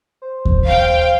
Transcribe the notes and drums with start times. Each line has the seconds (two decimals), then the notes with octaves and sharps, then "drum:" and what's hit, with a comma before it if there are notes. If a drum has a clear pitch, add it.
0.22 C5
0.45 drum: kick D#2
0.65 F5 G5